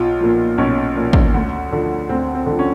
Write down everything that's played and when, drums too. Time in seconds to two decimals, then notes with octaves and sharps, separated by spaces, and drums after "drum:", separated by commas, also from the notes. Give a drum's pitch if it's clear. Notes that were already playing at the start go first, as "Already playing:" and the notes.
Already playing: B1 F4
0.20 A#2 F3
0.58 B1 C#4
0.95 A#2 F3
1.13 drum: kick
1.34 D2
1.71 D3 F3
2.09 D2 C4
2.35 C4
2.46 D3 F3
2.59 C#4